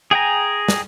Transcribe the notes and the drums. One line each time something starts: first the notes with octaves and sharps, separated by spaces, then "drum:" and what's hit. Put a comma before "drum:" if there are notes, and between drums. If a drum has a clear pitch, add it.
G#4 G5 G#5 A#5
drum: snare